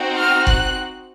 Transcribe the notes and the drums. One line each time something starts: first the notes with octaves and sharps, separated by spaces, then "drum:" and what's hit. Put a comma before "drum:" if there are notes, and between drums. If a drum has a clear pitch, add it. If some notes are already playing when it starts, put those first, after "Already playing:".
Already playing: C4 D#4 F#4
F6
F#6, drum: kick F#1